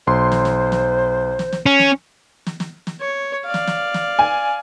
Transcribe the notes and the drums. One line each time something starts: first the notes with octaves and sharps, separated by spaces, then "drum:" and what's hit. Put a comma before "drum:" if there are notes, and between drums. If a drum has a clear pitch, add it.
B1 C5 C6
drum: snare
drum: snare
drum: snare
drum: snare
drum: snare
C#4
drum: snare
drum: snare
drum: snare
drum: snare
C#5
D5 F5
drum: snare
drum: snare
drum: snare
G#5